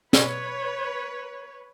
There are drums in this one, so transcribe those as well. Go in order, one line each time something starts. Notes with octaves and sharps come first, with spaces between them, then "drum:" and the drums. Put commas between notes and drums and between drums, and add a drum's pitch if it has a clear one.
B4 C#5, drum: snare